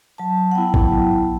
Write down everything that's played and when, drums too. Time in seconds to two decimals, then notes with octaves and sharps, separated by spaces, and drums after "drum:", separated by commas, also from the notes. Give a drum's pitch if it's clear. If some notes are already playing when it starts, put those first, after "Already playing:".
0.18 F#3 A5
0.51 F#5
0.55 B3 E4 G5
0.74 drum: kick A1
0.92 F#3